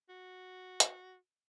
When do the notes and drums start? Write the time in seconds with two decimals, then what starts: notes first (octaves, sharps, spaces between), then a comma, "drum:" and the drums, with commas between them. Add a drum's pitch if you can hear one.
0.09 F#4
0.80 drum: hi-hat